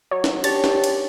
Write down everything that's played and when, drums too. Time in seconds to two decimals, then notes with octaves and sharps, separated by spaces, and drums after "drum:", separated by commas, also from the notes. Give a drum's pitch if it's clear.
0.11 F#3 C#5
0.24 drum: snare
0.44 D4 G4 C#5 A6, drum: cymbal
0.64 drum: snare
0.84 drum: cymbal